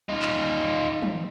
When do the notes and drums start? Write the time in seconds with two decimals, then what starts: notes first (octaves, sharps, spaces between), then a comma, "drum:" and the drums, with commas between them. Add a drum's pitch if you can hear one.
0.09 D#4 F4
0.22 drum: clap
1.02 drum: tom